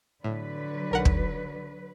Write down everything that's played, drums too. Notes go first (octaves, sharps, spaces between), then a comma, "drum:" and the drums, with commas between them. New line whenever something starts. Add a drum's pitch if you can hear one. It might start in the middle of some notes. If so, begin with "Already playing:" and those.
A2 D3 F#3 B4
B1 A#4 F#5
drum: kick